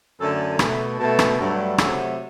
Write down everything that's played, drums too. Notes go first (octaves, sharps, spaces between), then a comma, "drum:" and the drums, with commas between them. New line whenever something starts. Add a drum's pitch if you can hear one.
F#2 D3 A3 A4
B2 A3 B4, drum: rim click
B2 A3 A5
drum: rim click
G2 F#3 A3
C3 F#3 A3 E5, drum: rim click